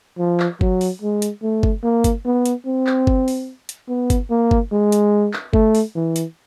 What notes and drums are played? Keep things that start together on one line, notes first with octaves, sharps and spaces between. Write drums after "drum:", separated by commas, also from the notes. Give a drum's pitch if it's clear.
F3
drum: clap
F#3, drum: kick G1
drum: open hi-hat
G#3
drum: hi-hat
A3
drum: kick G1
A#3
drum: kick G1, hi-hat
B3
drum: hi-hat
C4
drum: clap
drum: kick G1
drum: open hi-hat
drum: hi-hat
B3
drum: kick G1, hi-hat
A#3
drum: kick G1
G#3
drum: hi-hat
drum: clap
A3, drum: kick G1
drum: open hi-hat
E3
drum: hi-hat